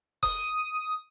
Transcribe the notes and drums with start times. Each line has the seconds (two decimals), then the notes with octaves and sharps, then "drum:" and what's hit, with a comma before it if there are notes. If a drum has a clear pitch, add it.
0.23 D#6, drum: kick F1, open hi-hat